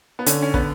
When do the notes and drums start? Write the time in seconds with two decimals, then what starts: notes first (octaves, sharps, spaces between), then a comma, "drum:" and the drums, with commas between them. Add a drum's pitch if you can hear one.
0.19 B3
0.26 D3 C#4, drum: hi-hat
0.42 C#4
0.54 B3, drum: kick